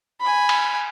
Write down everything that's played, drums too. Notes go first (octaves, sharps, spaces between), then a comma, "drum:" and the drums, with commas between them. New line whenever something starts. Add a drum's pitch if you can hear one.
G#5 B5
drum: cymbal